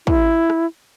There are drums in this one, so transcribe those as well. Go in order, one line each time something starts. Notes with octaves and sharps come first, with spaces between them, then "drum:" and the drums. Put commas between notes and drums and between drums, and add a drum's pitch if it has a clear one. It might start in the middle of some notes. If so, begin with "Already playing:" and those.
E4, drum: kick
drum: rim click